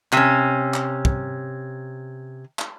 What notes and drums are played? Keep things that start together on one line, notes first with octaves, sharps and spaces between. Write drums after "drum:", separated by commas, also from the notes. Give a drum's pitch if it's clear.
C3 C#4, drum: clap
drum: clap
drum: kick
drum: clap